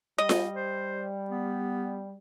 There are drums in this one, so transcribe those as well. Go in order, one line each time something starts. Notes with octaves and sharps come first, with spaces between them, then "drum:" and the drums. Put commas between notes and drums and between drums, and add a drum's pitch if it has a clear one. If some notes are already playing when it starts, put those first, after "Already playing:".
G3 D#5
drum: snare F4
C5
B3